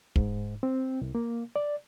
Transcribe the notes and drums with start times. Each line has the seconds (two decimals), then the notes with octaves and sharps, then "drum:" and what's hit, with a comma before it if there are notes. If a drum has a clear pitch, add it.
0.16 G#2, drum: kick
0.63 C4
1.01 C2
1.15 A#3
1.56 D5